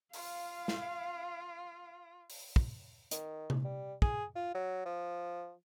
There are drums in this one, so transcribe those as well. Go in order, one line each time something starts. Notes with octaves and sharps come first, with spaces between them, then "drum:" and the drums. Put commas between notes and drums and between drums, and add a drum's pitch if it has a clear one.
F4 F5, drum: open hi-hat
drum: snare
drum: open hi-hat
drum: kick
D#3, drum: hi-hat
drum: tom C3
G3
G#4, drum: kick
F4
F#3
F3